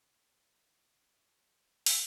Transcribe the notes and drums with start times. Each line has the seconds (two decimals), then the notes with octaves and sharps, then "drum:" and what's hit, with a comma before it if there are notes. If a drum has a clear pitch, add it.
0.10 B2
0.18 A2 G#3
0.40 F#3
0.63 B2
0.84 G#2
1.06 G#2
1.44 A2
1.49 G#2 G#3
1.86 drum: open hi-hat